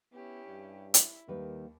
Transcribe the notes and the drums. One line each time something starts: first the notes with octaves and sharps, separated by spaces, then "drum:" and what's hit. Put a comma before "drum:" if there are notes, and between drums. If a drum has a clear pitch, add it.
B3 C#4 E4 G4
G2
E4, drum: hi-hat
D#2 D#3 G3 A#3 B4